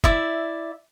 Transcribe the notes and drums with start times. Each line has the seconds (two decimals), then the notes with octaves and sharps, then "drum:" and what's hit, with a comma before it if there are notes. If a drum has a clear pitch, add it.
0.04 E4 D5 E5, drum: kick F1